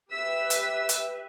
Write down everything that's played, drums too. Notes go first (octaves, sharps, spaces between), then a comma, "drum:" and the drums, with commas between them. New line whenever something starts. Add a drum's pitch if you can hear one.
G4 B4 E5 E6 B6
drum: hi-hat
drum: hi-hat